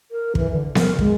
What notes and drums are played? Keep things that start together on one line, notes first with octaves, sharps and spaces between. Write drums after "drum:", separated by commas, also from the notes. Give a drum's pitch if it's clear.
A#4
E3, drum: kick
D3
A#4, drum: snare B3
G#3, drum: kick